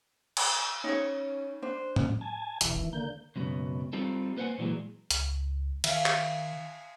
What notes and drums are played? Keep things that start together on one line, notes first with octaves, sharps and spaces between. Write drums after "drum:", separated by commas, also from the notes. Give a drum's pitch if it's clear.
drum: cymbal
C#4 D#4 C#5
D4 C5
drum: tom A2
G#5 A5
E1 D2 E3, drum: hi-hat
D#3
D3 A#3 G6
C#2 F#2 B2
G3 C4 D#4 F4 A4
A#3 B4 C5 F5 F#5 G#5
A#2 E3 F#3 G#3
C#2, drum: hi-hat
D#3 E5 F5, drum: cymbal
drum: clap